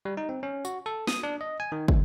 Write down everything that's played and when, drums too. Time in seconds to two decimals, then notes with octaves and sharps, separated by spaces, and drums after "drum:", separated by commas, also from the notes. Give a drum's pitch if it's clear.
0.05 G3
0.17 D#4
0.29 C4
0.43 C#4
0.65 F#4, drum: tambourine
0.86 A4
1.07 D#6, drum: snare
1.23 D4
1.41 D#5
1.60 G#5
1.72 D#3
1.88 D2, drum: kick